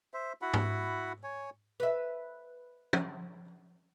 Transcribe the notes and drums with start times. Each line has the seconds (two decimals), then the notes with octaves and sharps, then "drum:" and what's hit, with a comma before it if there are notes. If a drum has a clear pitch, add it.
0.14 C5 E5
0.42 E4 F#4 F#5 B5
0.54 drum: tom G#2
1.23 C#5 G#5
1.80 B4 E5
2.93 drum: tom